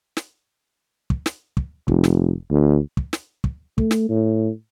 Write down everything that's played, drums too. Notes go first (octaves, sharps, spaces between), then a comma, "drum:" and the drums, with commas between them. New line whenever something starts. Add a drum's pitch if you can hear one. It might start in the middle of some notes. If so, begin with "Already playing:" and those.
drum: snare
drum: kick
drum: snare
drum: kick
F1, drum: kick
drum: snare
D2
drum: kick
drum: snare
drum: kick
A3, drum: kick
drum: snare
A2